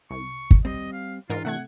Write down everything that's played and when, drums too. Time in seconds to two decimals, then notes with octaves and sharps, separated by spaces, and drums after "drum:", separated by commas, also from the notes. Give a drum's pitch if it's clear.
0.11 C2 C#6
0.51 drum: kick
0.65 G3 C4 D#5
0.93 F5
1.30 G#2 E3 D4 F4 A#4
1.45 C3 A3 F#5 G#6